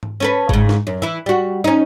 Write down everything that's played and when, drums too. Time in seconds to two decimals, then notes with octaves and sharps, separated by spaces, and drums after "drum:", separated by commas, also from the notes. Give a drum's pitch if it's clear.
0.03 drum: tom G#2
0.20 C#4 A4 B4
0.49 G#2 C#3, drum: kick G1
0.69 drum: snare
0.87 F#2
1.02 E3 E4
1.26 G3 F#4
1.64 C#4 D#4